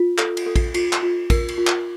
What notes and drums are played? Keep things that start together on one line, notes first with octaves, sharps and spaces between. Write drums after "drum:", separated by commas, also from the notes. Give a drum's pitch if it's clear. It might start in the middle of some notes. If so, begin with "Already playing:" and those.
Already playing: F4
A4, drum: clap
drum: cymbal
A4
drum: kick, cymbal
F4, drum: cymbal
drum: clap
F4
A#4, drum: kick, cymbal
drum: cymbal
F4
drum: clap